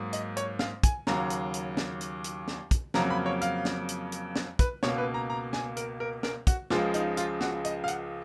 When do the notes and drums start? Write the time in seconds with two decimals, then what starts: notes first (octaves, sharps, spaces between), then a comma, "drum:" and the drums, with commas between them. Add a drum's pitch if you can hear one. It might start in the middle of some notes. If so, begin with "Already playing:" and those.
Already playing: G#2 F#3 A#3
0.13 D#5, drum: hi-hat
0.37 C#5, drum: hi-hat
0.59 F5, drum: snare
0.83 G#5, drum: kick, hi-hat
1.07 D#2 C#3 F#3 A#5, drum: snare
1.30 drum: hi-hat
1.54 drum: hi-hat
1.77 drum: snare
2.01 drum: hi-hat
2.24 drum: hi-hat
2.48 drum: snare
2.71 drum: kick, hi-hat
2.94 F2 C#3 F#3 A#3 A#5, drum: snare
3.10 B5
3.26 C#5
3.41 F5, drum: hi-hat
3.65 drum: snare
3.89 drum: hi-hat
4.12 drum: hi-hat
4.36 drum: snare
4.59 B4, drum: kick, hi-hat
4.83 C#2 B2 A#3 C#5, drum: snare
4.98 B4
5.14 A#5
5.30 A#5
5.53 G#5, drum: snare
5.77 A#4, drum: hi-hat
6.00 A#4
6.23 A#4, drum: snare
6.47 F#4, drum: kick, hi-hat
6.70 C#2 C#3 F3 G#3 F4, drum: snare
6.94 D#4, drum: hi-hat
7.17 F4, drum: hi-hat
7.41 F#4, drum: snare
7.65 D#5, drum: hi-hat
7.84 F5
7.88 F#5, drum: hi-hat